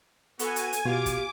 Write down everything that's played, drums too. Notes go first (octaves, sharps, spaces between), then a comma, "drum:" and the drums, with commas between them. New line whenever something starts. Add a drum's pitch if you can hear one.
B3 F#4 A4 G#5, drum: hi-hat
drum: hi-hat
drum: hi-hat
B2 F4 G4 D6
drum: kick, hi-hat